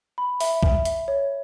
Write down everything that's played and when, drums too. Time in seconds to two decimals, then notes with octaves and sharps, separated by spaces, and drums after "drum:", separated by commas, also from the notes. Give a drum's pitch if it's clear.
0.18 B5
0.40 E5, drum: open hi-hat
0.63 E5, drum: kick B1
0.85 E5, drum: hi-hat
1.08 C#5